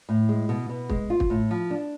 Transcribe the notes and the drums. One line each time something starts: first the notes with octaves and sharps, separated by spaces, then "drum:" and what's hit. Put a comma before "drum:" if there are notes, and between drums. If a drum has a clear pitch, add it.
A2
G#3
B2
B2
G#3, drum: kick
F4
drum: kick
A2
F3
D4